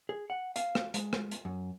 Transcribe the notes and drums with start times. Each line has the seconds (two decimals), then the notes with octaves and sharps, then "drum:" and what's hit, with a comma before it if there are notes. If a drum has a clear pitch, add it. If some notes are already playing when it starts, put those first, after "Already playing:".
0.09 G#4
0.30 F#5
0.56 F5, drum: hi-hat
0.75 drum: rim click
0.94 G#3, drum: hi-hat
1.13 drum: rim click
1.31 drum: hi-hat
1.45 F#2